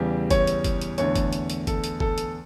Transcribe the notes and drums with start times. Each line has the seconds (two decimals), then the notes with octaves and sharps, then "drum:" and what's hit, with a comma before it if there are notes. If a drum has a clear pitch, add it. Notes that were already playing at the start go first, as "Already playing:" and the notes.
Already playing: E2 C#3 E3 G3
0.31 C#5, drum: kick, hi-hat
0.47 drum: hi-hat
0.64 drum: kick, hi-hat
0.81 drum: hi-hat
0.98 E2 D3 A3 C#5, drum: hi-hat
1.16 drum: kick, hi-hat
1.33 drum: hi-hat
1.50 drum: hi-hat
1.67 A4, drum: kick, hi-hat
1.84 drum: hi-hat
2.00 A4, drum: kick
2.18 drum: hi-hat